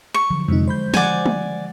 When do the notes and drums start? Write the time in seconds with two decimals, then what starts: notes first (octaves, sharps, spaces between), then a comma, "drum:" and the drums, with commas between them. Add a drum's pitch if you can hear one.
0.14 C#6
0.30 D3 F3 F#3
0.48 F2 C3 G#3 D#4
0.68 C5 B5 G6
0.94 D#3 F3 D5 F#5 G#5, drum: snare
1.26 drum: tom